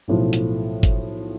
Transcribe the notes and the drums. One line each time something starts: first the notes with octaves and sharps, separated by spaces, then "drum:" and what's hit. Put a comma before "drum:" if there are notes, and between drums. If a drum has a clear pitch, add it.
B1 A2 F3
drum: hi-hat
drum: kick G1, hi-hat